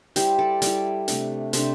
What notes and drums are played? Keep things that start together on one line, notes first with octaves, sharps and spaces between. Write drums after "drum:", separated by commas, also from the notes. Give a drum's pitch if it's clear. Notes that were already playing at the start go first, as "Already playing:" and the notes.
G3 E4 G4 C5, drum: hi-hat
A4 D5
G3 E4 A4 D5, drum: hi-hat
C3 A3 D4, drum: hi-hat
C3 A3 D4 C5 E5, drum: hi-hat